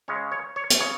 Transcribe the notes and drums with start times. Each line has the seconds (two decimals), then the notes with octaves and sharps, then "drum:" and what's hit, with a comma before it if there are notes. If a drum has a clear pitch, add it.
0.08 C#3 G#3 C#4 C#5
0.32 C#5
0.56 C#5
0.70 drum: hi-hat
0.80 C#3 C#5